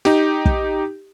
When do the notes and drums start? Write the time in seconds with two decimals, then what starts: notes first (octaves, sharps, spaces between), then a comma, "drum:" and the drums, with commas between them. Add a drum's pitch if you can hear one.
0.05 D#4 G4, drum: snare
0.45 drum: kick